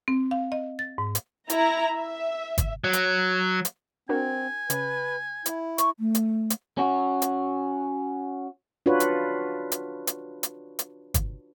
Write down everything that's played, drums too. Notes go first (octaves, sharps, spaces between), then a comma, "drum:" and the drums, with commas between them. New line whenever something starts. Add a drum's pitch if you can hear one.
C4
F5
D#5
A6
G#2
drum: hi-hat
E4 A#5, drum: hi-hat
E5
drum: kick, hi-hat
F#3
drum: hi-hat
drum: hi-hat
C4 D4 F#4 A#4 G#5
C#3 B4, drum: hi-hat
E4, drum: hi-hat
C#6, drum: hi-hat
A3
drum: hi-hat
drum: hi-hat
C#4 F#4
drum: hi-hat
D4 F4 F#4 B4 C#5
drum: hi-hat
drum: hi-hat
drum: hi-hat
drum: hi-hat
drum: hi-hat
drum: kick, hi-hat